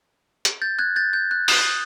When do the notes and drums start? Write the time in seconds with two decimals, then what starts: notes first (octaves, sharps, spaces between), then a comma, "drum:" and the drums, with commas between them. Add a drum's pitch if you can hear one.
0.45 drum: hi-hat
0.62 G6 A6
0.79 F#6 G#6
0.96 G6 A6
1.13 G6
1.31 F#6
1.48 D#6, drum: open hi-hat